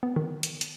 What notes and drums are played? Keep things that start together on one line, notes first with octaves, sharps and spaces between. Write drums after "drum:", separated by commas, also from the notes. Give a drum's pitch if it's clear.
B3
D#3
drum: hi-hat
drum: hi-hat